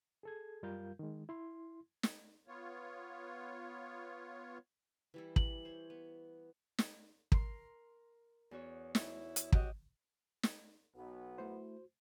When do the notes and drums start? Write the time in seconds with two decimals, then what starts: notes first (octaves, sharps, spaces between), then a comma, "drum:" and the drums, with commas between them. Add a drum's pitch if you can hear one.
0.23 G#4 A4 G#6
0.63 F#2 G3 F4 A#4 F5 G6
0.99 D#3 G#3
1.29 E4 C6
2.03 drum: snare
2.48 B3 F4 C#5
5.14 E3 G3 E4
5.36 F#7, drum: kick
5.65 C5 C#5
5.90 B3
6.78 drum: snare
7.32 A#4 C6, drum: kick
8.51 E2 F#4 C#5
8.95 E4 C#5, drum: snare
9.36 drum: hi-hat
9.52 F#4 G4 D#5, drum: kick
10.43 drum: snare
10.95 B1 B3 F#4
11.38 A3 E4 C5